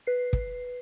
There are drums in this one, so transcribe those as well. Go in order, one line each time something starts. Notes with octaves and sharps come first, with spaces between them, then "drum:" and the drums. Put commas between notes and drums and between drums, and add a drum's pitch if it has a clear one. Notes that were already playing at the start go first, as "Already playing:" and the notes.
B4 C7
drum: kick